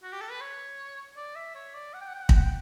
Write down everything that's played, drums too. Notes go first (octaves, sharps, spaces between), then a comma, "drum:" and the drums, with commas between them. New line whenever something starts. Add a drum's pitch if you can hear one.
F#4
G4
A4
B4
C#5
D5
E5
C#5
D5
F#5
G5
F#5
G5
F#5
G5, drum: kick
F#5
G5